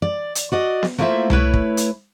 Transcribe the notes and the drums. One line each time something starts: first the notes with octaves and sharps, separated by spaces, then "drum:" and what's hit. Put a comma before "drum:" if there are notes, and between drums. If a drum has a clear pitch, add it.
D5
drum: hi-hat
F#4 D5 D#5
drum: snare B3
A3 A#3 E4 F4 C5 E5
A3 E4 B4 C#5, drum: tom C2
drum: kick
drum: hi-hat